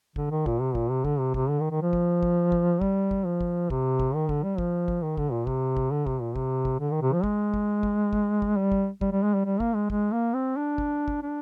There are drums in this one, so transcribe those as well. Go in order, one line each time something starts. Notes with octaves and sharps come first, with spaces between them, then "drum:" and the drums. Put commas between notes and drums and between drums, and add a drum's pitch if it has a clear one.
D3, drum: kick
D#3
A#2, drum: kick
C3
A#2, drum: kick
C3
D3, drum: kick
C3
C3, drum: kick
D3
D#3
D#3
F3
drum: kick
drum: kick
drum: kick
G3, drum: kick
drum: kick
F3
drum: kick
C3, drum: kick
drum: kick
D#3
D3, drum: kick
G3
F3, drum: kick
drum: kick
D#3
D3, drum: kick
A#2
C3, drum: kick
drum: kick
D3
C3, drum: kick
A#2
C3, drum: kick
drum: kick
D3
D#3
C3
F3
G#3, drum: kick
drum: kick
drum: kick
drum: kick
drum: kick
G3
drum: kick
G3, drum: kick
G3
G#3
G3
G3
A#3, drum: kick
G#3
G#3, drum: kick
A#3
C4
D4
drum: kick
drum: kick
D4